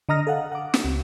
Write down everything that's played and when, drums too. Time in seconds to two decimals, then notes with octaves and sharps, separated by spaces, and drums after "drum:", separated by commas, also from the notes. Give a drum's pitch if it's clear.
0.09 D3 D#5 A#5 D#6 F6 A#6
0.27 A4 D#5 F5 F#5
0.52 F#5 D6
0.74 drum: snare
0.84 C#2